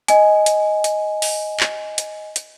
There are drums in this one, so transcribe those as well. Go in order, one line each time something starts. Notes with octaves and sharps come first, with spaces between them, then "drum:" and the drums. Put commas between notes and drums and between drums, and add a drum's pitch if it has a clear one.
D#5 G#5, drum: hi-hat
drum: hi-hat
drum: hi-hat
drum: open hi-hat
drum: clap
drum: hi-hat
drum: hi-hat